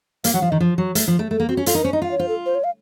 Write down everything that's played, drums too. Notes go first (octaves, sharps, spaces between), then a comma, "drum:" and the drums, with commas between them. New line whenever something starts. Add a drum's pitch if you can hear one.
A#3 F5, drum: hi-hat
F#3 F#5
F3 F5
D#3 D#5
F3
F#3
A3, drum: hi-hat
F3
A3
A3 A4
A#3
C4 F#4
C#4
F4 A4, drum: hi-hat
D#4 A#4
C#4 C5
D#4 D#5
F4 F5
C#5
F4 C5
A4
C5
C#5
F5